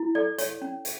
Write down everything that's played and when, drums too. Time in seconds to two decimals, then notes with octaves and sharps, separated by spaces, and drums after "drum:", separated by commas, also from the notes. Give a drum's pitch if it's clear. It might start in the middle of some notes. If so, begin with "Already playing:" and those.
Already playing: E4
0.15 A4 D5
0.38 C#5, drum: hi-hat
0.62 C#4
0.85 drum: hi-hat